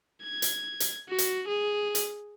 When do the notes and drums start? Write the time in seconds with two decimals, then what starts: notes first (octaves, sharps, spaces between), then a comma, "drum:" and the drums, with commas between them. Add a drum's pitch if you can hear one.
0.23 G#6
0.42 drum: hi-hat
0.80 drum: hi-hat
1.09 F#4
1.18 drum: hi-hat
1.48 G#4
1.95 drum: hi-hat